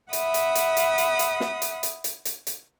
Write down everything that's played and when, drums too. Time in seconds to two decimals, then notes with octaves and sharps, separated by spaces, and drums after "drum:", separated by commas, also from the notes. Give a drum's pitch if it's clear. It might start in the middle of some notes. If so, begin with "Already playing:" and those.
0.13 E5 F#5 B5 D#6, drum: hi-hat
0.34 drum: hi-hat
0.55 drum: hi-hat
0.77 drum: hi-hat
0.98 drum: hi-hat
1.19 drum: hi-hat
1.40 drum: snare
1.62 drum: hi-hat
1.83 drum: hi-hat
2.04 drum: hi-hat
2.25 drum: hi-hat
2.47 drum: hi-hat